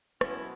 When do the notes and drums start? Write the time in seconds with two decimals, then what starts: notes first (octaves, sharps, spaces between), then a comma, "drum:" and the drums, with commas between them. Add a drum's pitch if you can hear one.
0.21 B2 F#3 B3 C#4 E4, drum: rim click